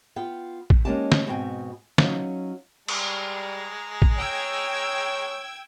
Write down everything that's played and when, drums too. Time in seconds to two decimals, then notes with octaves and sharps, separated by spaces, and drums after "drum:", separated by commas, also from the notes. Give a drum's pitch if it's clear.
0.16 B3 F4 G5
0.70 drum: kick A1
0.85 G#3 A#3 C#4 D#4 G4 A5
1.12 drum: snare
1.26 G#2 B2 B3 C4 G5 G#5
1.98 F#3 C#4 D#4 F5, drum: snare
2.88 G3 G#3 G#4 A#5, drum: cymbal
4.02 drum: kick A1
4.17 C#5 G5 E6 G#6